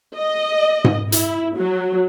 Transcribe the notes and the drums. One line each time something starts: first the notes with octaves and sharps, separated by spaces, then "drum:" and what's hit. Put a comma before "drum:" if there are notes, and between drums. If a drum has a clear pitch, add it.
D#5
drum: tom G#2
E4, drum: hi-hat
F#3